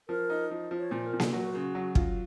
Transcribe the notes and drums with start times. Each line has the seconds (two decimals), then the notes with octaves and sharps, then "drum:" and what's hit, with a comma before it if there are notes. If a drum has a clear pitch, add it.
0.09 F3 A#4
0.30 D#4
0.51 F3
0.71 F3
0.79 C#5
0.91 A#2 C5
1.06 A#4
1.13 A#2
1.20 A4, drum: snare A#3
1.33 F#3 F#4
1.55 C#3
1.75 F#3
1.95 F4, drum: kick